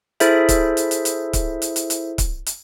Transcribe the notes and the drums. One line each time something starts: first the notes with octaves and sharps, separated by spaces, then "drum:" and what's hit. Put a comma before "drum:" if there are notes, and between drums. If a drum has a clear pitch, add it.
E4 G#4 A4 C5 E5, drum: hi-hat
drum: kick C#1, hi-hat
drum: hi-hat
drum: hi-hat
drum: hi-hat
drum: kick C#1, hi-hat
drum: hi-hat
drum: hi-hat
drum: hi-hat
drum: kick C#1, hi-hat
drum: hi-hat